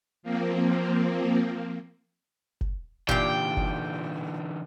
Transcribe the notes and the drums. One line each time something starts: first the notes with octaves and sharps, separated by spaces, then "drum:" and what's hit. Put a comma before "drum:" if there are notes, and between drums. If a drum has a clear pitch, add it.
F3 A#3 C4
drum: kick F#1
A#2 D3 E3 G4 F5 G5, drum: kick F#1
drum: kick F#1